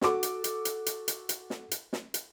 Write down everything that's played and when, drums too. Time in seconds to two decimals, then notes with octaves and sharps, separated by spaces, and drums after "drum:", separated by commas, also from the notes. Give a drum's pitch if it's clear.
0.01 F#4 A4 D6, drum: snare
0.23 drum: hi-hat
0.44 drum: hi-hat
0.65 drum: hi-hat
0.86 drum: hi-hat
1.08 drum: hi-hat
1.29 drum: hi-hat
1.50 drum: snare
1.71 drum: hi-hat
1.93 drum: snare
2.14 drum: hi-hat